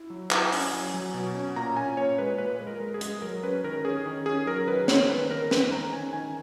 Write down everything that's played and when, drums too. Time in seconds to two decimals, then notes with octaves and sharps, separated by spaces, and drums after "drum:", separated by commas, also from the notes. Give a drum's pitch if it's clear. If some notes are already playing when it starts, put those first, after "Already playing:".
Already playing: E4
0.10 F#3
0.31 E4, drum: clap
0.39 F#5
0.45 G#5
0.52 C#4, drum: open hi-hat
0.73 F#3 G#5
0.94 F#3
1.14 B2
1.35 C#4
1.56 A#2 A#5
1.77 C#4 G#5
1.97 A#2 C#5
2.18 G#3 B4
2.38 A#2 B4
2.60 G#3
2.67 A#4
2.80 G#3
2.94 G#4
3.01 G#3, drum: hi-hat
3.22 F#3 A#4
3.43 C#4 B4
3.64 D#3 A#4
3.85 C#4 G#4
4.06 D#3
4.26 C#4 G#4
4.47 F#3 A#4
4.68 D#3 B4
4.88 A#3 C#5, drum: snare
5.09 D#3 B4
5.30 D#3 A#4
5.51 D#3 B4, drum: snare
5.72 D#3 A#5
5.93 C#4 G#5
6.13 D#3 G#5